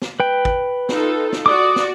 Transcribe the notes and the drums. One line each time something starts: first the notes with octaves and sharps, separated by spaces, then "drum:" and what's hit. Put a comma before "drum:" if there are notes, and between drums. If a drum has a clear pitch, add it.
drum: snare
B4 G5
drum: kick
D#4 F4 A4, drum: snare
drum: snare
F#4 D5 D6 D#6
drum: snare